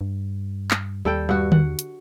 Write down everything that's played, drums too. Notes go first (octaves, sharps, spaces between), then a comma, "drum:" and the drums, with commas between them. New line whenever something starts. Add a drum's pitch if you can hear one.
G2
drum: clap
D#2 G3 A4 G5
G2 F#4
F#5, drum: tom D3
drum: hi-hat